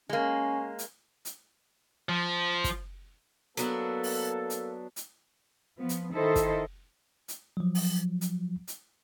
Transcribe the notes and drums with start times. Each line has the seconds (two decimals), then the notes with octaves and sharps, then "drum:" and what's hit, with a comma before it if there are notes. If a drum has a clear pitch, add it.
0.09 G#3 A#3 C#4
0.79 drum: hi-hat
1.25 drum: hi-hat
2.09 F3
2.64 drum: kick, hi-hat
3.57 F#3 A#3 B3 D4 A4, drum: hi-hat
4.03 drum: open hi-hat
4.50 drum: hi-hat
4.96 drum: hi-hat
5.77 F3 B3
5.89 drum: hi-hat
6.12 D#3 E4 A4 C5 D#5
6.35 drum: kick, hi-hat
7.28 drum: hi-hat
7.57 F3 F#3
7.75 drum: open hi-hat
8.21 drum: hi-hat
8.68 drum: hi-hat